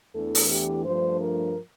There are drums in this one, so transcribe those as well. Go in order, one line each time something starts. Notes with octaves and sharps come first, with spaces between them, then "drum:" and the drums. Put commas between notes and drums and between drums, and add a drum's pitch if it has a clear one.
E2 E3 A3 D4 A4
drum: open hi-hat
G4
G2 F3 A3 D4 C5
A#4